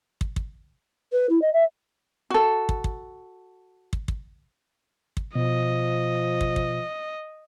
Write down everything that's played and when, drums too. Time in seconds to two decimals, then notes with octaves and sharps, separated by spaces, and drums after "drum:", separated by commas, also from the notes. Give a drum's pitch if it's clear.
0.21 drum: kick
0.36 drum: kick
1.12 B4
1.29 E4
1.41 D#5
1.53 E5
2.30 F#4 A4
2.69 drum: kick
2.84 drum: kick
3.93 drum: kick
4.08 drum: kick
5.17 drum: kick
5.35 B2 F3 D#5
6.41 drum: kick
6.56 drum: kick